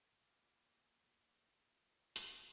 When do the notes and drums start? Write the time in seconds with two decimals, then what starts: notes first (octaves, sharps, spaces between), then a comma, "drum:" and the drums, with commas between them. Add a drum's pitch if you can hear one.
0.21 A#2 C#3 E3 A3 A#3
2.16 drum: hi-hat